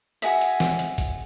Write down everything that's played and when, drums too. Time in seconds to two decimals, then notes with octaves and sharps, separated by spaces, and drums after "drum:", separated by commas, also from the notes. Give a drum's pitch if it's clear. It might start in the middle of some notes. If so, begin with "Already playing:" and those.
0.22 F#4 G#4 D#5 E5, drum: hi-hat
0.41 drum: hi-hat
0.60 drum: snare
0.79 drum: hi-hat
0.98 drum: kick, hi-hat